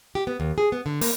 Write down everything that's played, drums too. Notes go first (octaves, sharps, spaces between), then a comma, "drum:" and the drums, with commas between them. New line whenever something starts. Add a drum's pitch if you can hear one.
G4
B3
D#2
G#4
B3
D3
A#3, drum: open hi-hat